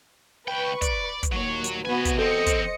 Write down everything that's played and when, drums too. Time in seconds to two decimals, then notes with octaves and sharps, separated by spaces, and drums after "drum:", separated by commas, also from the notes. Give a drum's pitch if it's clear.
0.48 C#2 B4 G5 C#6
0.82 D5, drum: kick, hi-hat
1.23 drum: kick, hi-hat
1.32 D#2 A#2 F#3 C#5
1.64 drum: hi-hat
1.85 C3 B3 F#4 B4 G#5
2.05 drum: kick, hi-hat
2.19 E2 C4 A4 C5 D#5 C#7
2.46 drum: kick, hi-hat